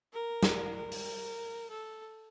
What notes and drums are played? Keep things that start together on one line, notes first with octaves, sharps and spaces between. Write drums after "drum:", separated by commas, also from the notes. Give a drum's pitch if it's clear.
A#4
drum: snare
A#4
drum: open hi-hat
A4